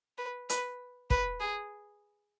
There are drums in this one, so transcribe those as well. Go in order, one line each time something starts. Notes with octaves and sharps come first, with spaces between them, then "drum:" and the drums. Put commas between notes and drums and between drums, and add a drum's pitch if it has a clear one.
B4
B4, drum: hi-hat
B4, drum: kick
G#4